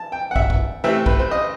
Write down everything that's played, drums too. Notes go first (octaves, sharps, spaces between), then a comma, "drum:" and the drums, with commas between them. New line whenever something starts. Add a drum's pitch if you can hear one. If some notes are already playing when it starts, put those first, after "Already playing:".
Already playing: A5
G5
F#5
E5, drum: kick
drum: kick
C3 E3 A3 C4 E5
B4, drum: kick
C5
D#5